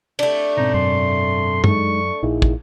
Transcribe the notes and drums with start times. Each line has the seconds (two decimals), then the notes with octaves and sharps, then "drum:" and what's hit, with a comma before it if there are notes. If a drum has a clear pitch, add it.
0.19 A3 D4, drum: cymbal
0.57 G#2 B2 C4 D#4
0.74 F#2 C6
1.64 G#3 D#4 C#6, drum: tom
2.23 A#1 D#4 E4 G#4
2.42 drum: kick